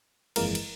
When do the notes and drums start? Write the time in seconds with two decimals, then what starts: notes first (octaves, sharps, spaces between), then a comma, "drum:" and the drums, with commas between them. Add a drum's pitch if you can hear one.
0.36 G1 F2 E3 G#3 A#3 A#4, drum: cymbal
0.55 drum: cymbal